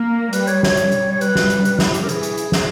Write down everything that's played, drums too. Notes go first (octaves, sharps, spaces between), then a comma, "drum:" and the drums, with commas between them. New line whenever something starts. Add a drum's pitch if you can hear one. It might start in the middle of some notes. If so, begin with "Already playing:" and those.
Already playing: A#3 A#4
G3 B4, drum: hi-hat
C#5, drum: hi-hat
C#5, drum: snare
G3, drum: hi-hat
drum: hi-hat
C#5
B4, drum: hi-hat
drum: snare
drum: hi-hat
B4, drum: hi-hat
E4, drum: snare
G4, drum: hi-hat
A#4
E3 G#4, drum: hi-hat
drum: hi-hat
drum: hi-hat
drum: snare